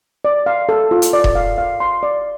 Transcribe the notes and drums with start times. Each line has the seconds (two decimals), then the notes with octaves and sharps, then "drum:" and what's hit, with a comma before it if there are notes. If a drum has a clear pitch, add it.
0.25 D5
0.46 F5
0.69 A4
0.91 F4
1.02 drum: hi-hat
1.13 D5
1.24 drum: kick E1
1.35 F5
1.58 F5
1.80 C6
2.03 D5